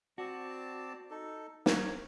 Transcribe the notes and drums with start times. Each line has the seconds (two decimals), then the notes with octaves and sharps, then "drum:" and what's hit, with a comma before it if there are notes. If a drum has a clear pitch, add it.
0.18 C4 F#4 D5 A5
1.10 D#4 A4
1.66 A#4 C#5, drum: snare